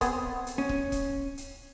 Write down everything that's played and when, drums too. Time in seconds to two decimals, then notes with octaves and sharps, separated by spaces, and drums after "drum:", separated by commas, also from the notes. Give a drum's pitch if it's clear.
0.01 B3 C4 G#4, drum: kick, hi-hat
0.47 drum: hi-hat
0.58 C#4
0.69 drum: kick
0.92 drum: kick, hi-hat
1.37 drum: hi-hat